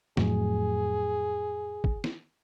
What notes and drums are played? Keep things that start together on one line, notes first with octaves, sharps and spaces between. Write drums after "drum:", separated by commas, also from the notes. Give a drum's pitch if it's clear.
F2 A2 F#3 G#4, drum: snare
drum: kick
drum: snare